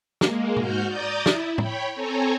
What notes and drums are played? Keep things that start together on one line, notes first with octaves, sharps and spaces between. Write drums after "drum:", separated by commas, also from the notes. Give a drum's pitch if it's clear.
G#3 A#3, drum: snare
G#2 F#4 F6 G6, drum: tom B2
D5 A#5 D#6 G6 A6
E4, drum: snare
C#5 G5 B5, drum: tom
C4 A4 C#5 G#5 A#5